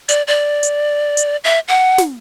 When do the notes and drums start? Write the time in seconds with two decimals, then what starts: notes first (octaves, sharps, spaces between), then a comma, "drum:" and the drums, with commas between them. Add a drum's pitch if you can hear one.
0.09 D5, drum: hi-hat
0.27 D5
0.63 drum: hi-hat
1.17 drum: hi-hat
1.44 E5
1.68 F#5
1.98 drum: snare